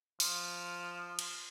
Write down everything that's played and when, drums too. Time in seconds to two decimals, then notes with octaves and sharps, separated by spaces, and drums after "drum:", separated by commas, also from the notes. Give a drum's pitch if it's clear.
0.20 F3, drum: open hi-hat
1.19 drum: cymbal